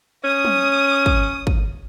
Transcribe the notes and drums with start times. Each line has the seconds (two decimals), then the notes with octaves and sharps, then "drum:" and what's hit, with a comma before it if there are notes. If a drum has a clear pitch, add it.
0.24 C#4 D#6
0.45 drum: tom
1.06 drum: kick
1.47 drum: kick